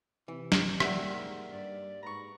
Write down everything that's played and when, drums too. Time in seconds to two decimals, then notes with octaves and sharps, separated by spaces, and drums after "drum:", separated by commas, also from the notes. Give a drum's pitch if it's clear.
0.28 C3 E3
0.52 drum: snare
0.80 G#2 G3 A#3 A#4 E5 F#5, drum: rim click
1.51 G2 D5
2.03 G#2 B4 A#5 C#6